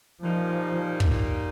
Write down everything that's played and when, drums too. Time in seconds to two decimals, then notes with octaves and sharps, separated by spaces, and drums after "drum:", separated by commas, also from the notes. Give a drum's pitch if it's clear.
0.23 A#2 F3 G3 A#3 D#4
1.00 drum: kick